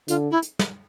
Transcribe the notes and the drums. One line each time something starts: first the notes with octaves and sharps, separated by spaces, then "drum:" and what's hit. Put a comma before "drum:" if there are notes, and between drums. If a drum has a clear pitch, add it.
D3 F4, drum: hi-hat
E4
drum: hi-hat
drum: snare